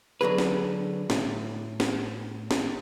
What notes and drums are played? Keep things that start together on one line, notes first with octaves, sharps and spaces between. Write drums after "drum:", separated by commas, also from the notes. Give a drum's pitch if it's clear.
D3 F#3 G#4 B4
drum: snare
A2, drum: snare
drum: snare
drum: snare